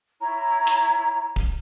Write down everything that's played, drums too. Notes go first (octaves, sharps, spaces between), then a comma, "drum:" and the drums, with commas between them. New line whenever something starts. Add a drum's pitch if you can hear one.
E4 C#5 A#5
drum: snare
drum: kick D1